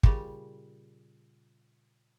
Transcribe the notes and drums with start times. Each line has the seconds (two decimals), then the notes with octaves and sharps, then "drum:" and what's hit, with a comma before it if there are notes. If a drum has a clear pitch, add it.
0.03 A#2 C#3 G3, drum: kick